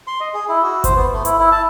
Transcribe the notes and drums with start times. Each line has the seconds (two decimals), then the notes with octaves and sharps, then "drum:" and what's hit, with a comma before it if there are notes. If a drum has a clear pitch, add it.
0.07 C6
0.21 D#5
0.34 G#4
0.49 E4
0.63 F#4
0.84 C5, drum: kick G1, hi-hat
0.96 B3
1.13 A3
1.25 E4, drum: hi-hat
1.39 E4
1.52 A5